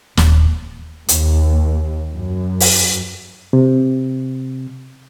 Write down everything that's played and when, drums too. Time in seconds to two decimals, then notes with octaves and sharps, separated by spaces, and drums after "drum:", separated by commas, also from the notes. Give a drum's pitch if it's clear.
0.17 D#1, drum: snare
1.08 D#2, drum: hi-hat
2.13 F#2
2.60 drum: open hi-hat
3.53 C3